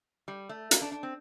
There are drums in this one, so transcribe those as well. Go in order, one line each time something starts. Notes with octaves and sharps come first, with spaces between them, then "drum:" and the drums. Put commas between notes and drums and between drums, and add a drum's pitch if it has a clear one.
G3
A3
A#3, drum: hi-hat
D4
D4
C4